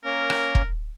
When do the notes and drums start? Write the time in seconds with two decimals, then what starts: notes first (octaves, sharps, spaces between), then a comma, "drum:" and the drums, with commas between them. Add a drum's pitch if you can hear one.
0.05 A#3 C#4 A#4
0.30 drum: rim click
0.55 drum: kick